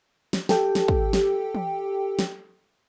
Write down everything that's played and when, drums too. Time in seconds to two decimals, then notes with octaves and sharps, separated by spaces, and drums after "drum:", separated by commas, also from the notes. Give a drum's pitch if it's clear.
0.33 drum: snare
0.49 G4 A4 G5, drum: snare
0.75 drum: snare
0.88 drum: kick
1.13 drum: snare
1.55 drum: tom E3
2.19 drum: snare